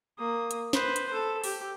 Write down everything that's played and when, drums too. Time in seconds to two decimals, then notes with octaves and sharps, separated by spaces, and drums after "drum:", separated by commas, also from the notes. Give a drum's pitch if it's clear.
0.18 A#3 D#6
0.51 drum: hi-hat
0.73 B4 C5, drum: snare
0.96 drum: hi-hat
1.13 A4
1.44 G4, drum: open hi-hat